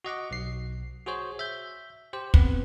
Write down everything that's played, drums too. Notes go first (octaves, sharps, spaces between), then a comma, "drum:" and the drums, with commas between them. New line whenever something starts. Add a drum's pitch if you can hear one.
F#4 D#5 F#5 D6
B1 C7
F#4 G#4 C5 C#5
E5 G6
G4 C5
B3 C4 B4, drum: kick